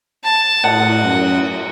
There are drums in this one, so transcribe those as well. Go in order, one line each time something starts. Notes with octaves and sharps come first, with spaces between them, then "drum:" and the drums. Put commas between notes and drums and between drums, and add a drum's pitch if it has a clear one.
A5
A2 F#5, drum: cymbal
F#2